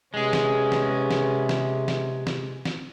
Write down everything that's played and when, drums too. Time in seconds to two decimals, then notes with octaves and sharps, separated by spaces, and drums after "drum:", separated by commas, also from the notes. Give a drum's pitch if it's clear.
0.14 C3 G#3 B3 C#4 G#4
0.33 drum: snare
0.72 drum: snare
1.11 drum: snare
1.49 drum: snare
1.88 drum: snare
2.27 drum: snare
2.65 drum: snare